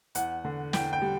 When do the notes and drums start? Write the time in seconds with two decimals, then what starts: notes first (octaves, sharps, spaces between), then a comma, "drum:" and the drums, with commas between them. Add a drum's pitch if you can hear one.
0.15 E2 F#5, drum: hi-hat
0.44 D3
0.73 E2 G5, drum: snare
0.93 G5
1.02 G3